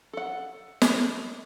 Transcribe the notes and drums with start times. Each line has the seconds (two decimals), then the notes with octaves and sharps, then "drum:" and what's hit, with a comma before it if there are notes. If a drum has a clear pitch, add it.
0.13 A4 F#5
0.82 drum: snare